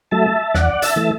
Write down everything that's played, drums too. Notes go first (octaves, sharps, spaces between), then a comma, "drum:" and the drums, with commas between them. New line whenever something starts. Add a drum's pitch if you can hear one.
F#3 A3 E5 A5
E2 D5 F#5, drum: snare
E5 A5, drum: hi-hat
E3 A3